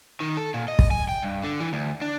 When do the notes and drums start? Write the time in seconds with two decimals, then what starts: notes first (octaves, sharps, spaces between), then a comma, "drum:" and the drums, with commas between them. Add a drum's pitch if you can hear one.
0.20 D#3
0.37 A4
0.54 A#2
0.68 D#5
0.79 drum: kick
0.91 G#5
1.09 G5
1.23 G2
1.44 D3
1.60 E3
1.73 D2
2.01 D4